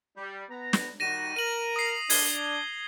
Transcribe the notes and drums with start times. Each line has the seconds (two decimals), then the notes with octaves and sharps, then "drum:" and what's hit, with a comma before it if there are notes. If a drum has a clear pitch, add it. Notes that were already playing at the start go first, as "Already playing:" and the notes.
0.17 G3
0.50 B3 A#5
0.73 drum: snare
1.00 D#3 G3 F#4 A#6 D#7 E7
1.36 A#4 D#7 F#7
1.76 D#6 C7
2.10 D4 G#6 C7 G7, drum: open hi-hat